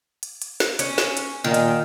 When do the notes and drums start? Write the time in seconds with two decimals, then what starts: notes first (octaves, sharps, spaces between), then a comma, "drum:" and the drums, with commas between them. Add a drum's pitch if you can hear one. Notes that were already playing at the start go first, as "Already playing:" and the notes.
0.23 drum: hi-hat
0.42 drum: hi-hat
0.60 drum: snare
0.79 C#4, drum: hi-hat
0.98 drum: snare
1.17 drum: hi-hat
1.44 A#2 D#3
1.54 drum: hi-hat